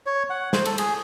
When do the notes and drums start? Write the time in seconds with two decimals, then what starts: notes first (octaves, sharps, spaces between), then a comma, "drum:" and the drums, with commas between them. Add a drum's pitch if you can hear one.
0.06 C#5
0.30 F#5
0.53 C5, drum: snare
0.65 A4, drum: cymbal
0.78 G#4, drum: cymbal